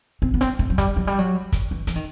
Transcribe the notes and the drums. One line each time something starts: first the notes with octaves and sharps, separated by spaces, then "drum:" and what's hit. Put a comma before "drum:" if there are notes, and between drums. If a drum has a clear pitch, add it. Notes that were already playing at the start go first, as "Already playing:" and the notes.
C4
B3
C4, drum: hi-hat
A3
F#3
G3, drum: kick, hi-hat
F#3
G3
F#3
drum: kick, hi-hat
E3
E3, drum: hi-hat
D#3